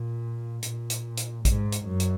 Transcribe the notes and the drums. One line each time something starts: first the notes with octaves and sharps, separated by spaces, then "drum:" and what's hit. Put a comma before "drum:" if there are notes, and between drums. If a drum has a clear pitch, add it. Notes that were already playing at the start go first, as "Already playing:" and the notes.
Already playing: A#2
A#2, drum: hi-hat
drum: hi-hat
drum: hi-hat
G#2, drum: kick A1, hi-hat
drum: hi-hat
F#2
drum: hi-hat